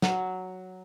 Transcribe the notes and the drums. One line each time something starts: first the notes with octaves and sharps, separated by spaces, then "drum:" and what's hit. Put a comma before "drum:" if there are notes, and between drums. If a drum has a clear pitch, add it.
F#3, drum: snare